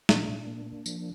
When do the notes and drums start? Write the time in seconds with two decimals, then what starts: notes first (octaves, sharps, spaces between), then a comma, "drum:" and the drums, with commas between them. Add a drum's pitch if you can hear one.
0.09 A#2 D4, drum: snare
0.29 A#2
0.47 A#3
0.66 A#3
0.86 F3, drum: tambourine